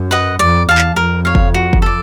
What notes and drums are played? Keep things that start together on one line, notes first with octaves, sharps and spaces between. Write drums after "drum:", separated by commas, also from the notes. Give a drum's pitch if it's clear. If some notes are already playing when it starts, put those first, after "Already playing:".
Already playing: F#2
B4 D#5 F#5
F2 D5, drum: hi-hat
E2 F5 A5
drum: clap
F2 A#4
C#5 F5
drum: kick F#1
F#4
drum: kick F#1
A4 D5